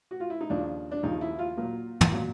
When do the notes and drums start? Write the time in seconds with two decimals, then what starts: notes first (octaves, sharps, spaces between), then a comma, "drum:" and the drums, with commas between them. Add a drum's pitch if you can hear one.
0.11 F#4
0.20 F4
0.30 E4
0.41 D#4
0.50 D#2 C#3 F3 D4
0.91 D4
1.03 D#2 C#3 F3 D#4
1.21 E4
1.39 F4
1.57 A#2 F#3 A#3
2.01 drum: tom
2.11 A#2 F#3 A#3